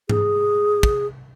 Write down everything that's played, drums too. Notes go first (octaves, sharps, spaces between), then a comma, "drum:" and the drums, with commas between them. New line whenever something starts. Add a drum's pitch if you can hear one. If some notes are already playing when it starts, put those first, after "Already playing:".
G#4, drum: tom G#2
drum: kick